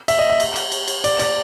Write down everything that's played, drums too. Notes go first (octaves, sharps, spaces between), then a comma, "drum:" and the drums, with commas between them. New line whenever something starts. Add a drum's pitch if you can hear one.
E5, drum: cymbal
D#5
E5
drum: cymbal
drum: cymbal
drum: cymbal
drum: cymbal
D5, drum: cymbal
D5, drum: cymbal